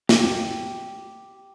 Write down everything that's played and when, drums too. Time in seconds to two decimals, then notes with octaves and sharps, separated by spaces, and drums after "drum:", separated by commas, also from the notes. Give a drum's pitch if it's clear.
0.09 G4, drum: snare